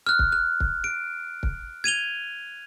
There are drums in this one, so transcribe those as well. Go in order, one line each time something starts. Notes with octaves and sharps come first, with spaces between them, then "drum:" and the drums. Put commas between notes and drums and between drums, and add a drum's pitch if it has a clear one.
F6 F#6
drum: kick
F#6
drum: kick
D7
drum: kick
G#6 D#7 F7 G7